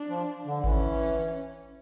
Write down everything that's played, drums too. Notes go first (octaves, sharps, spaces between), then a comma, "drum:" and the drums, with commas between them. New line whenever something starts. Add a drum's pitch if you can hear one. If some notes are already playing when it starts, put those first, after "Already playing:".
Already playing: D4
F3
D3
E3 C#4, drum: kick G#1